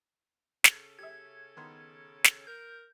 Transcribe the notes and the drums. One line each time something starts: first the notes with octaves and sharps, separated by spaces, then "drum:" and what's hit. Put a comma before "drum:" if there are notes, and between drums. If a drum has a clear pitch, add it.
C#3 C#4 A4, drum: snare
G4 E5 G#6
D#3 B3 C6
drum: snare
A#4 G6